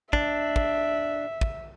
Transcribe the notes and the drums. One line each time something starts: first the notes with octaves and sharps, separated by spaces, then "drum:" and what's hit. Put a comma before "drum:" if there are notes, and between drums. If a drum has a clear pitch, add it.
D4 E5, drum: kick
drum: kick
drum: kick